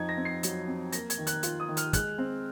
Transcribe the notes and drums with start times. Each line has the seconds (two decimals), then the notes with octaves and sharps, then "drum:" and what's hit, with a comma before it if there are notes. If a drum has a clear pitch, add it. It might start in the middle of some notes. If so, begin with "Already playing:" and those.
Already playing: F2 D#4 G#6
0.09 A#6
0.17 C4
0.25 C7
0.43 F#3, drum: hi-hat
0.68 C4
0.92 A#3 A#6, drum: hi-hat
1.10 G#6, drum: hi-hat
1.18 D#3
1.27 F#6, drum: hi-hat
1.43 F4, drum: hi-hat
1.60 D#6
1.68 D#3
1.77 F6, drum: hi-hat
1.93 G#3 F#6, drum: kick, hi-hat
2.18 C4